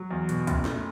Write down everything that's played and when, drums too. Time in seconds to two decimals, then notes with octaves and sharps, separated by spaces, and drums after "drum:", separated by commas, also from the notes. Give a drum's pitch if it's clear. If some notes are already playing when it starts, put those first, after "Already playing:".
Already playing: F#3
0.11 E2
0.29 B2, drum: hi-hat
0.47 F#1, drum: kick, hi-hat
0.65 A3, drum: snare